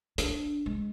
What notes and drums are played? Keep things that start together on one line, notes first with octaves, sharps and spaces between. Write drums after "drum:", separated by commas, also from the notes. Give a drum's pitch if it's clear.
D4, drum: hi-hat
G#3